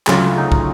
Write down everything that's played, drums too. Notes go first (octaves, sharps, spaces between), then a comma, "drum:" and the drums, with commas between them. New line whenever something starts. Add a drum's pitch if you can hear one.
D2 C#3 F#3 F4, drum: clap
D#4
drum: kick